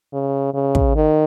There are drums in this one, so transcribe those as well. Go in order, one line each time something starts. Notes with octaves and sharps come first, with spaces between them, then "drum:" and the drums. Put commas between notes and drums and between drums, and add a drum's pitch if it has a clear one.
C#3
C#3
drum: kick
D#3